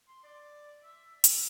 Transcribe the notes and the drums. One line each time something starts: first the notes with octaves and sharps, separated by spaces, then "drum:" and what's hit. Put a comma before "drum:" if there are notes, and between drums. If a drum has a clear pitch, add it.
C6
D5
E5
drum: hi-hat